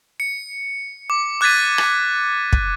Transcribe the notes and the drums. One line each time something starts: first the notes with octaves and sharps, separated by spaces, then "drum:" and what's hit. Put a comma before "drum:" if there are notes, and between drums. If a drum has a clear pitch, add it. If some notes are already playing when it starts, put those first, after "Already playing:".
C#7
D6
D6 F#6 G#6 A6 B6 D#7
drum: rim click
drum: kick